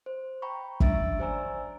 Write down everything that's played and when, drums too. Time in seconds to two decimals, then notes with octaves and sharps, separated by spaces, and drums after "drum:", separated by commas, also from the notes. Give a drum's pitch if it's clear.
0.06 C5
0.42 G5 A#5 B5 C#6
0.80 C#4 D4 E5 E6 A6 D7, drum: kick
1.19 G4 C5 D5 G#5 A#5 E6